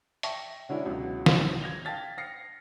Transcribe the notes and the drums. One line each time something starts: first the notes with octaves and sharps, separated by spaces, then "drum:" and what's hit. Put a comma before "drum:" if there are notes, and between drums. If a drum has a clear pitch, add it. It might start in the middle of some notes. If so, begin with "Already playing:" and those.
E5 G5 A5 C#6 A#6, drum: hi-hat
D3 F#3 G#3 C#4 D4 E4
C#2 B2 F#3
drum: snare
G#6 A#6 F7 G7
F5 G5 A5 A6 B6
F6 A#6 C7 C#7